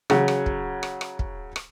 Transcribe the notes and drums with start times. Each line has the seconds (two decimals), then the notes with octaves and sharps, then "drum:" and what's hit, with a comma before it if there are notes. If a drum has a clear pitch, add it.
0.10 C#3 F#3, drum: rim click
0.28 drum: rim click
0.46 drum: kick
0.83 drum: rim click
1.01 drum: rim click
1.19 drum: kick
1.56 drum: rim click